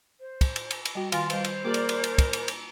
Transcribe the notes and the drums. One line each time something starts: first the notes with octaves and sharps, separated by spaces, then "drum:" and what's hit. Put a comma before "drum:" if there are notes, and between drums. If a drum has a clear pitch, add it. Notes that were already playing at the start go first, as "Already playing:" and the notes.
C5
drum: kick, cymbal
drum: cymbal
drum: cymbal
drum: cymbal
G3 F#4 G5
D#3 F4 G#5 C6, drum: cymbal
G3 B4 C5, drum: cymbal
drum: cymbal
A#3 F#4 G#4 A#4 D5 D6
drum: cymbal
drum: cymbal
drum: cymbal
drum: kick, cymbal
drum: cymbal
drum: cymbal